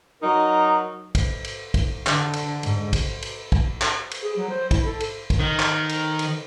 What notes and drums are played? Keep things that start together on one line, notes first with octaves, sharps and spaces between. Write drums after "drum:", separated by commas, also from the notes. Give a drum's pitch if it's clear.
F#3 D#4 A#4
drum: kick, cymbal
drum: cymbal
drum: kick, cymbal
D3, drum: clap
drum: cymbal
G#2, drum: cymbal
drum: kick, cymbal
drum: cymbal
drum: kick
drum: clap
drum: cymbal
G#4
F#3
C5
E4, drum: kick, cymbal
A4
drum: cymbal
drum: kick, cymbal
D#3
drum: clap
drum: cymbal
drum: cymbal